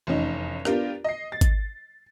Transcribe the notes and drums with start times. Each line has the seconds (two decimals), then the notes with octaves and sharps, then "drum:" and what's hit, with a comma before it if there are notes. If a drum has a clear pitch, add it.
0.07 F1 E2 C#4 D#4
0.65 B3 D4 F4 G4 A#4, drum: rim click
1.04 D#5 C7
1.32 A6
1.41 drum: kick G#1, hi-hat